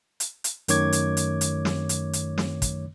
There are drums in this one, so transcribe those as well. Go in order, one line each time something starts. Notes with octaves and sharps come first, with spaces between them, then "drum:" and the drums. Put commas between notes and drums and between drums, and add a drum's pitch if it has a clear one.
drum: hi-hat
drum: hi-hat
F#2 D#3 A3 C#5 D6 G#6, drum: hi-hat
drum: hi-hat
drum: hi-hat
drum: hi-hat
drum: snare
drum: hi-hat
drum: hi-hat
drum: snare
drum: kick, hi-hat